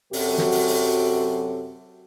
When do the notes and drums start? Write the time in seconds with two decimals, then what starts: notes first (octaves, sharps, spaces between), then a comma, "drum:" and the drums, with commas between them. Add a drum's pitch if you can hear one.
0.13 F#2 C3 F#3 F#4 A4, drum: open hi-hat
0.38 drum: snare
0.52 drum: open hi-hat
0.68 drum: open hi-hat